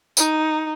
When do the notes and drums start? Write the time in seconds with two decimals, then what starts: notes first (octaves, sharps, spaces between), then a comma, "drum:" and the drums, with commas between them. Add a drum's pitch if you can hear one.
0.17 D#4, drum: tambourine